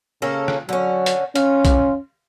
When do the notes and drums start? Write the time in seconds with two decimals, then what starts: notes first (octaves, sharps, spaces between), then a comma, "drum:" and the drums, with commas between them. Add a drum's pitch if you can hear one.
0.22 C#3 A#3 C#4 A4
0.48 drum: rim click
0.69 D3 F#3 C#4
1.06 drum: hi-hat
1.35 C#4 F4, drum: hi-hat
1.65 drum: kick, hi-hat